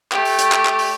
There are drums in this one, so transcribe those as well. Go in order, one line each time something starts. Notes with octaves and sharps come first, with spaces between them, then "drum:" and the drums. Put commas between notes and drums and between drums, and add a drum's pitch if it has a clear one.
A3 G4, drum: clap
drum: open hi-hat
drum: hi-hat
drum: clap
drum: clap
drum: open hi-hat